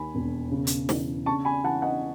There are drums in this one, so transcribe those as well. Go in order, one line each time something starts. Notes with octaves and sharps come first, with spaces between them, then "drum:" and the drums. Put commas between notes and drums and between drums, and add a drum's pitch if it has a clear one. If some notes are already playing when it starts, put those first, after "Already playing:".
Already playing: D#2 G#5 B5
E1
C#3
drum: hi-hat
E3, drum: snare
C#3 A5 C#6
G#5 B5
E3 F#5 A5
D#5 F#5